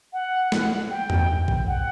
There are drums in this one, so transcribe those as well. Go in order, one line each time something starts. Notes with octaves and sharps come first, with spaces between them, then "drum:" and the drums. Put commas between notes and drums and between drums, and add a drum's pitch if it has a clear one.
F#5
drum: snare
G5
drum: tom E2
drum: kick A#1
F#5